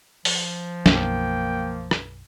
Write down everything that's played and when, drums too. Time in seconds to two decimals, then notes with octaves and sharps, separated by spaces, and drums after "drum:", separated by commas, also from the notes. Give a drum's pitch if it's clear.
0.25 F3, drum: open hi-hat
0.86 B1 F#2 A#3 G5, drum: snare
1.91 drum: rim click